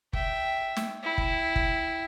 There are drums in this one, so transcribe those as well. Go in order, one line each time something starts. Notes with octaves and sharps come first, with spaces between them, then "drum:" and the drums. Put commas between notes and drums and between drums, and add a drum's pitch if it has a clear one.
E5 G5, drum: kick F#1
drum: snare
E4 G5
drum: kick F#1
drum: kick F#1